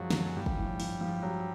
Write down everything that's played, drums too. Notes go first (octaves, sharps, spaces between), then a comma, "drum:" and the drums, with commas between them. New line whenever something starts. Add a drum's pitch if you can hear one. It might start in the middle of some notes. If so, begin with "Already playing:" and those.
Already playing: F#2 F3 F#3 G#3 C#4
A#3, drum: snare
F3
A3
G#3
G2 F3 G3
drum: kick
A2
F3, drum: open hi-hat
F3
F#3